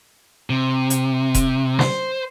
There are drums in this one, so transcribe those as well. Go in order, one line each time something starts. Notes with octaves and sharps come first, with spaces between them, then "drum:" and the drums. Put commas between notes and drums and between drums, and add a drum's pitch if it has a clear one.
C3
drum: hi-hat
drum: kick E1, hi-hat
C5, drum: snare